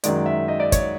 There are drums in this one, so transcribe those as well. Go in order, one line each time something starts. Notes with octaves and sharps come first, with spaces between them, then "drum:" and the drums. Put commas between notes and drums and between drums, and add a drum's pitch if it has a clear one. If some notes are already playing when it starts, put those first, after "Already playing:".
F#2 D#3 G#3 D5, drum: hi-hat
E5
D#5
D5
C#5, drum: kick, hi-hat